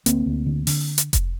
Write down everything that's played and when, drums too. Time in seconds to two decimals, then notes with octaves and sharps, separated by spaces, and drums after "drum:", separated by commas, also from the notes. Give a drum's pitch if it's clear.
0.06 D2 A#3 C4, drum: hi-hat
0.26 D2
0.46 D3
0.67 D3, drum: open hi-hat
0.98 drum: hi-hat
1.13 drum: kick F1, hi-hat